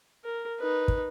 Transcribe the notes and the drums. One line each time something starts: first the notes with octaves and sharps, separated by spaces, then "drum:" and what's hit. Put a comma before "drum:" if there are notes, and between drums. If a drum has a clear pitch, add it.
A#4
D#4 B4
drum: kick